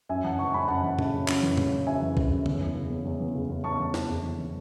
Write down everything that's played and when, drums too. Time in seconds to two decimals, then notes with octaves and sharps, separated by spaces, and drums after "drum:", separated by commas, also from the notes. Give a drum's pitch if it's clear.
0.09 F#2 E5 G#5
0.24 E3 F#5 A5
0.39 C#3 A5 C#6
0.53 F#2 G#5 B5
0.68 F#2 F#5 A5
0.83 E3
0.99 C#3, drum: tom A#2
1.13 F#2
1.28 F#2, drum: clap
1.43 E3
1.57 C#3, drum: tom A#2
1.72 F#2
1.87 F#2 E5 G#5
2.02 E3
2.17 C#3, drum: kick
2.31 F#2
2.46 E2, drum: tom D3
2.61 E3
2.75 C#3
2.90 E2
3.05 E2
3.20 E3
3.35 C#3
3.50 E2
3.64 E2 A5 C#6
3.79 E3
3.94 C#3, drum: snare
4.09 E2
4.24 E2
4.38 E3